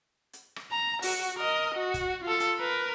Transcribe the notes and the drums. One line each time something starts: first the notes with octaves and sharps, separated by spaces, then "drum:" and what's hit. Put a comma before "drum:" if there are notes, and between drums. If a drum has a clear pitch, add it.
drum: hi-hat
drum: rim click
A#5
F#4, drum: open hi-hat
A#4 D#5
F#4
drum: kick, hi-hat
F4 A4
drum: hi-hat
A#4 B4